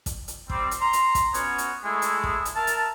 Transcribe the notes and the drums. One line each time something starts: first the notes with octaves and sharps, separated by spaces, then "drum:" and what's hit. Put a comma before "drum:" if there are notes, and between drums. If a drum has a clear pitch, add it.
drum: kick, hi-hat
drum: hi-hat
G3 C4, drum: kick
drum: hi-hat
A#5 C6
drum: hi-hat
drum: kick, hi-hat
B3 C#4 F#4 C#5, drum: hi-hat
drum: hi-hat
G#3 A3 E4 G#4
drum: hi-hat
drum: kick
drum: hi-hat
A#4 E5 A5
drum: hi-hat